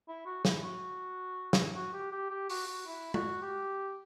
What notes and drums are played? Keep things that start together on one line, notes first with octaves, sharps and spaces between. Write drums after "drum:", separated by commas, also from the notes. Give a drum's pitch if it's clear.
E4
F#4
E4, drum: snare
F#4
drum: snare
F#4
G4
G4
G4
F#4, drum: open hi-hat
F#4
E4
F#4, drum: tom G#3
G4